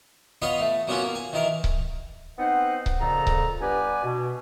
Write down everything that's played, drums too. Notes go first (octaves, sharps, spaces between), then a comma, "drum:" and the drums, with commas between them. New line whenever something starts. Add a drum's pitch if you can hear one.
B3 F4 B4 C#5 D#5 F5
A3
F#3 A#3 B3 C#4 F4 F#4
A#3
G#5
D#3 E3 A#4
drum: kick C#1
B3 C4 D#4 C5 D#5 F#5
drum: kick C#1
F2 A#2 C#3 A4 A#5
drum: kick C#1
G2 B3 G4 B4 D5 G#5
B2